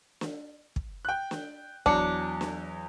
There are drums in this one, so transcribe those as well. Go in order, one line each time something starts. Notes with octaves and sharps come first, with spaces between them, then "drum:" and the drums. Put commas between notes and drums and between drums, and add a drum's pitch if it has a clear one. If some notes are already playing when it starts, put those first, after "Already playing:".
drum: snare
drum: kick
G5 F#6
drum: snare
E2 F#3 D4 C#7, drum: kick
drum: snare